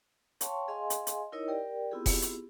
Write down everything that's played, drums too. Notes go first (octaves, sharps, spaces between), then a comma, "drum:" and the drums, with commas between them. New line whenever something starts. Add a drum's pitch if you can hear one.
C#5 F5 G5 A5 C6 C#6, drum: hi-hat
G#4 D#5 F5 G#5 C6
drum: hi-hat
drum: hi-hat
D#4 E4 A#4 C#5 D#5
G4 A#4 D5 G5
B3 C4 E4 F4 G4 G#4
drum: kick F1, open hi-hat
drum: hi-hat